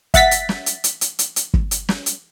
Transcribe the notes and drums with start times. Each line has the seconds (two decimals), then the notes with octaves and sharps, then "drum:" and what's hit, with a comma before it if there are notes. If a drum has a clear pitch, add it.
0.14 E5 F#5 A6 B6, drum: kick, hi-hat
0.31 drum: hi-hat
0.49 drum: snare
0.66 drum: hi-hat
0.84 drum: hi-hat
1.01 drum: hi-hat
1.19 drum: hi-hat
1.36 drum: hi-hat
1.54 drum: kick
1.71 drum: hi-hat
1.89 drum: snare
2.06 drum: hi-hat